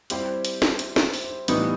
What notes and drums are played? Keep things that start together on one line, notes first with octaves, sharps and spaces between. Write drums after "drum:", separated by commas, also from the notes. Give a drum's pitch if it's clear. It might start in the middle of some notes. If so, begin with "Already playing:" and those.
G3 C4 E4 G4 C5, drum: hi-hat
drum: hi-hat
drum: snare
drum: hi-hat
drum: snare
drum: open hi-hat
A2 E3 G3 B3 D#4, drum: hi-hat